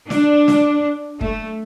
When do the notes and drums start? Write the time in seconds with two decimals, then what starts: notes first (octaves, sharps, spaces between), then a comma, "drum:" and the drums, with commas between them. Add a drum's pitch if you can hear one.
0.10 D4, drum: snare
0.48 drum: snare
1.21 A3, drum: kick